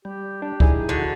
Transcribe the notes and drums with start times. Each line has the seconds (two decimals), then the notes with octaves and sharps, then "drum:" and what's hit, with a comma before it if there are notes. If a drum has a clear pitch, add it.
0.05 G3 G4
0.42 D4 G4
0.60 D#4 E4 G#4, drum: kick C#2
0.89 D3 F#4